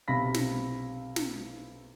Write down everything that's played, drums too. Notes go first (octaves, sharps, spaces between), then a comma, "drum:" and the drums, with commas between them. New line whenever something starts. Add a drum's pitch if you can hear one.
B1 C3 F5 B5 A#6 B6
drum: snare
drum: snare